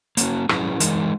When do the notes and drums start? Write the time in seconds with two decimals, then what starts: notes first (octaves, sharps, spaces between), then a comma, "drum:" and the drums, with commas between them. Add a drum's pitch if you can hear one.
0.17 A#3 C#4 F#4, drum: hi-hat
0.49 F#3 C#4 E4 G#4 B4, drum: rim click
0.80 E3 G#3 D#4 A#4, drum: hi-hat